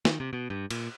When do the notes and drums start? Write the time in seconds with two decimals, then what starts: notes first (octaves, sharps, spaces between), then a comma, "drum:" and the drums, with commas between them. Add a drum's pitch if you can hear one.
0.05 D#3, drum: snare
0.20 C3
0.33 B2
0.50 G2
0.71 A#2, drum: cymbal